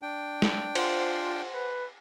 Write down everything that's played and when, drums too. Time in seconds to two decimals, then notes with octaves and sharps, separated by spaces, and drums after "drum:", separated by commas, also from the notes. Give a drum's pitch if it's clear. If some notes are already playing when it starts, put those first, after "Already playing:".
0.02 D4 G5
0.42 drum: snare
0.75 F4 C5 F#5 C6, drum: cymbal
1.54 B4